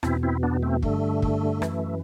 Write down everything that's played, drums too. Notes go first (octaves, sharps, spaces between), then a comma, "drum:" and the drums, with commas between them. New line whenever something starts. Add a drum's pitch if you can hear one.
E2 B2 C4 E4, drum: rim click
C4 E4
B3 D4
A3 C4
G2 D3 A3, drum: kick
drum: kick
F#2 E3, drum: rim click